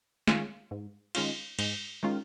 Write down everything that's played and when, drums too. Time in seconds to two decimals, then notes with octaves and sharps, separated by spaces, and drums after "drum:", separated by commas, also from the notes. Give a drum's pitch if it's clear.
0.27 D#3 G#3 C#4 F4, drum: snare
0.71 G#2
1.15 D#3 G#3 C#4 F4, drum: cymbal
1.59 G#2, drum: cymbal
2.03 D#3 G#3 C#4 F4